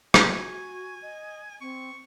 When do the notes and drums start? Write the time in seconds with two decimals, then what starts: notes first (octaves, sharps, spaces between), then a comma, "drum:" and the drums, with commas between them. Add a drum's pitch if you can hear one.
0.14 F#4 G#5, drum: rim click
1.02 D#5
1.61 C4 C#6